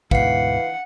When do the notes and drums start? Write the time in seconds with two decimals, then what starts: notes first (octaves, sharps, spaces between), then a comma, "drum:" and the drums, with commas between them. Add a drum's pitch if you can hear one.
0.11 D2 G#2 B2 E3 F5 F#5 C7, drum: kick